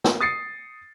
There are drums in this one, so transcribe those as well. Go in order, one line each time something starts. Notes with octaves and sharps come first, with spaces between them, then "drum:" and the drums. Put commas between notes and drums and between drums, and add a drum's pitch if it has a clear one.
drum: snare
D#6 A6 C7 C#7